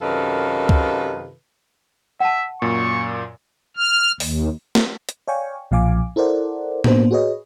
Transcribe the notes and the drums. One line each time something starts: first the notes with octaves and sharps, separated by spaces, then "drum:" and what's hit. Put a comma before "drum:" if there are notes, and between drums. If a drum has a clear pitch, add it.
F#2 C3 D#3 F4 A4 B4
drum: kick
E5 F#5 A5
F#2 A#2 C#6
F6
D#2, drum: open hi-hat
drum: snare
drum: hi-hat
C#5 D5 F5 G5 G#5 C#6
B1 A#2 F3 F5 G#5 D6
E4 A4 A#4 C5 D5 F#5
A#3 B3 D4 C5, drum: tom A2
F#4 G#4 B4 C#5 D#5